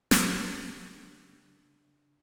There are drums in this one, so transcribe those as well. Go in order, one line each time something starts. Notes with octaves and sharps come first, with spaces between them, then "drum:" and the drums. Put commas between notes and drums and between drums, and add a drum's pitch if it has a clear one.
C#3 D4 G4 A4, drum: snare